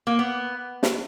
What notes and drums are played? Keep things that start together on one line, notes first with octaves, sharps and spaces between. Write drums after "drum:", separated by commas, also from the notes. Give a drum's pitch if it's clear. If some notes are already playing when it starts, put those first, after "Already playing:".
A#3
B3
drum: snare